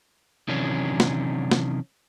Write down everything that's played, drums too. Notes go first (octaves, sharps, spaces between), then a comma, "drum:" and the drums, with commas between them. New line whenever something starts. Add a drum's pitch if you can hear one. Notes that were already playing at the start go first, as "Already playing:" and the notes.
C3 D#3 E3 F#3 C#4 D4
drum: snare
drum: snare